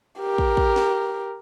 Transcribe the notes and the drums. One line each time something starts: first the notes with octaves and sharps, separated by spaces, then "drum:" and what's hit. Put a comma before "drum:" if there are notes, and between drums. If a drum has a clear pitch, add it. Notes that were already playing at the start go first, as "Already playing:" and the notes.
G4 A#4
drum: kick
drum: kick
drum: snare